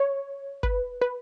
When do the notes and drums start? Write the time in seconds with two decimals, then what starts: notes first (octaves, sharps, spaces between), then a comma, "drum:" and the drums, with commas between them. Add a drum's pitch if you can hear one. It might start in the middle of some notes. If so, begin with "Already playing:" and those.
Already playing: C#5
0.63 B4, drum: kick
1.02 B4